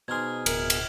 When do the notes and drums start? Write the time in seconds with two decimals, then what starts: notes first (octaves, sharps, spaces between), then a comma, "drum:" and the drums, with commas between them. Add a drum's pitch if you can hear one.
0.08 B2 C4 D#4 G#4 C6 F6 G#6
0.46 D1 A#4 F#7, drum: cymbal
0.70 drum: cymbal